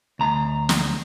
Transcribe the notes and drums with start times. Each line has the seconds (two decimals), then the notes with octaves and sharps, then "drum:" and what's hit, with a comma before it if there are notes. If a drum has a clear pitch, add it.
0.19 D2 A#5
0.69 drum: snare